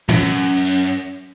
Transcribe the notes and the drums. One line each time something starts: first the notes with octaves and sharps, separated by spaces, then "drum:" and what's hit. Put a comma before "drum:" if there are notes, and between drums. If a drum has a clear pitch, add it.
F#2, drum: tom
drum: tambourine